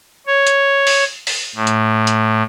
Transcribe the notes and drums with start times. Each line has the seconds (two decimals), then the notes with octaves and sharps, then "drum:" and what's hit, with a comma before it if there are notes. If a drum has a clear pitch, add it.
0.27 C#5
0.47 drum: hi-hat
0.87 drum: open hi-hat
1.27 drum: open hi-hat
1.55 A2
1.67 drum: hi-hat
2.07 drum: hi-hat